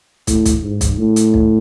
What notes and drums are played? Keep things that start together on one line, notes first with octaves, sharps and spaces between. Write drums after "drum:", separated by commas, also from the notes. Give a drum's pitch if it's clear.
A2, drum: kick, hi-hat
drum: kick, hi-hat
G#2
drum: kick, hi-hat
A2
drum: hi-hat
drum: kick